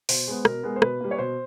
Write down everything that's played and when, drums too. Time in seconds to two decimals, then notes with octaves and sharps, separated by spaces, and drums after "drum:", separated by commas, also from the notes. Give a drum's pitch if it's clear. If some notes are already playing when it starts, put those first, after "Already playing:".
0.09 B2 C5, drum: open hi-hat
0.28 G#3 B3
0.45 B2 A#4, drum: rim click
0.63 G#3 B3
0.76 C5
0.82 B2 B4, drum: rim click
1.00 G3 A#3
1.11 C#5
1.19 B2 C5